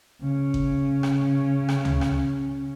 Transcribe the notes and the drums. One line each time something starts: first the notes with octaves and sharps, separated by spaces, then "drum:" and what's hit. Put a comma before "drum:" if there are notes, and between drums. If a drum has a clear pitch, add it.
C#3 C#4
drum: kick G1
drum: rim click
drum: rim click
drum: tom
drum: rim click